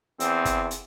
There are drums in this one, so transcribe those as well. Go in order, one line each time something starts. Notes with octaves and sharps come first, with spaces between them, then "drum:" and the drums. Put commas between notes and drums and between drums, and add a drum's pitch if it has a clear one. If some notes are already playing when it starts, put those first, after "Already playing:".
E2 C4, drum: hi-hat
drum: kick, hi-hat
drum: hi-hat